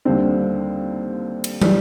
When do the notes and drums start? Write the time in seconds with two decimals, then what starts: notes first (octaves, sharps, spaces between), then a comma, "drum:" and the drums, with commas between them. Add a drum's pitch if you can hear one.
0.05 D#2 D3 G3 C4
1.44 drum: cymbal
1.62 E3 G3, drum: tom